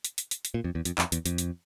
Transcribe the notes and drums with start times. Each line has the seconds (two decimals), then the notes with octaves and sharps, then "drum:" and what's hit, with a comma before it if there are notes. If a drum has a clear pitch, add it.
0.05 drum: hi-hat
0.18 drum: hi-hat
0.31 drum: hi-hat
0.45 drum: hi-hat
0.54 A#2
0.64 F2
0.75 E2
0.85 F2, drum: hi-hat
0.98 F2, drum: clap
1.12 E2, drum: hi-hat
1.26 F2, drum: hi-hat
1.38 drum: hi-hat